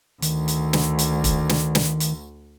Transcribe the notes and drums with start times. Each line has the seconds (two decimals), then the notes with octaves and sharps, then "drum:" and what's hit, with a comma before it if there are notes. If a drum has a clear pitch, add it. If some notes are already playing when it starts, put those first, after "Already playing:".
0.22 D2 D#3, drum: hi-hat
0.48 drum: hi-hat
0.73 drum: snare
0.99 drum: hi-hat
1.24 drum: kick E1, hi-hat
1.49 drum: snare
1.75 drum: snare
2.00 drum: hi-hat